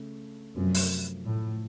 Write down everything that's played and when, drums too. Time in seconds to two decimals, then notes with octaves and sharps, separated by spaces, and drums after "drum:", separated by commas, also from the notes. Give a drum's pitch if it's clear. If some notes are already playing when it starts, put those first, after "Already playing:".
Already playing: C#3 A3
0.56 F#2 C3 F3 A3 C4 F4
0.75 drum: open hi-hat
1.26 A2